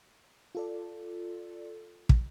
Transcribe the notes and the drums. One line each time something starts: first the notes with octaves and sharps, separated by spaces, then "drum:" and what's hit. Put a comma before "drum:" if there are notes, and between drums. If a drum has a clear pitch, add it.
F4 A4 D5
drum: kick